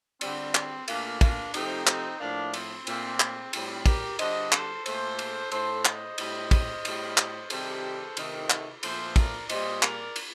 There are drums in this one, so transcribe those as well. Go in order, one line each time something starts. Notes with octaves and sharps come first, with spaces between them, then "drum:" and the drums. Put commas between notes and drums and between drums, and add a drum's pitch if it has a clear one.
D3 G3 C4, drum: cymbal
drum: clap
A#2 A3 A#3 D4, drum: cymbal
A#3 D4, drum: kick, cymbal
C3 F3 A3 C4 D#4, drum: cymbal
C4 D#4, drum: clap
A2 F3 A3 A#3 D4
C4, drum: cymbal
A#2 A3 C4, drum: cymbal
drum: clap
A2 G3 C4, drum: cymbal
G4 A#4, drum: kick, cymbal
D3 G3 C5 D#5, drum: cymbal
A4 C5, drum: clap
A#2 A3 A4 C5, drum: cymbal
drum: cymbal
A2 A3 A4 C5, drum: cymbal
C5 D#5, drum: clap
A2 G3, drum: cymbal
drum: kick, cymbal
A2 G3, drum: cymbal
drum: clap
C3 D#3 G3 A4 C5, drum: cymbal
C3 D#3 A3, drum: cymbal
drum: clap
A#2 F3 A3 A4 C5, drum: cymbal
A#4 D5, drum: kick, cymbal
A#2 G3 C5 D#5, drum: cymbal
A#4 D5, drum: clap
drum: cymbal